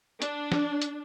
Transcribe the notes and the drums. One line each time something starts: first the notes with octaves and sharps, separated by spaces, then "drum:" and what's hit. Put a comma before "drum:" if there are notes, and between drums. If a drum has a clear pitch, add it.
D4, drum: hi-hat
drum: snare
drum: hi-hat